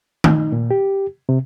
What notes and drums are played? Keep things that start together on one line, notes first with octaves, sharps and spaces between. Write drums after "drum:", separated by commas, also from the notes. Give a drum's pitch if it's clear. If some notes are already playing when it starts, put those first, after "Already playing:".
D#4, drum: tom D#3
A#2
G4
C3